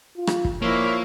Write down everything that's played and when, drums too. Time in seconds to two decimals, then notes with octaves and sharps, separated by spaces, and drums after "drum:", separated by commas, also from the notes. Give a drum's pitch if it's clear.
0.17 F4
0.27 drum: rim click
0.45 drum: kick
0.62 A#2 F3 A#3 E4 C#5